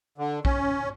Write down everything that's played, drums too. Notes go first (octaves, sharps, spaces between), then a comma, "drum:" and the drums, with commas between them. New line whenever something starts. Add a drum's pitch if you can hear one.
D3
C#4, drum: kick A#1